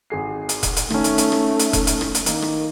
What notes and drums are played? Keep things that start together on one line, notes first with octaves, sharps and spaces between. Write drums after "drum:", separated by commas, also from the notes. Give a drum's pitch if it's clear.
G#1 G#4 C7
drum: hi-hat
drum: kick E1, hi-hat
drum: hi-hat
D#3 A3 C#4, drum: rim click
drum: hi-hat
drum: hi-hat
drum: rim click
drum: hi-hat
drum: kick E1, hi-hat
drum: hi-hat
drum: rim click
drum: hi-hat
D#3 A#3, drum: hi-hat
drum: rim click